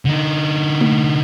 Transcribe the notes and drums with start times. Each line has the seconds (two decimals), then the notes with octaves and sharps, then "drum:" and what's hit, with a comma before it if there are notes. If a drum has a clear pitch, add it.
0.05 D3 D#4
0.81 drum: tom A3